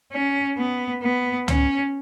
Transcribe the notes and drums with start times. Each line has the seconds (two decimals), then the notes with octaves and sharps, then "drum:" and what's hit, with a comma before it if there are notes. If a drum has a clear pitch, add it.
0.12 C#4
0.58 B3
1.03 B3
1.48 C#4, drum: tom C#2